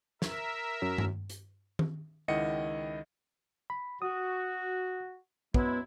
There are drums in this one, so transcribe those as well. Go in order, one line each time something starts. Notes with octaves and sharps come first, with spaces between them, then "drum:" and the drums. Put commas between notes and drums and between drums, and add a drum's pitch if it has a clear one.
A#4 E5, drum: snare
F#2
drum: tom G2
drum: hi-hat
drum: tom D#3
C#2 D#3 E4 D#5 F#5 C#7
B5
F#4 D#6
F#2 G#3 B3 E4, drum: kick